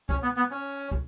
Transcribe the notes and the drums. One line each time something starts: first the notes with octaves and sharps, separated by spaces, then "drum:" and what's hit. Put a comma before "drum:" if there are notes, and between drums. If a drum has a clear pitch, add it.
C#4, drum: kick
B3
B3
C#4
drum: kick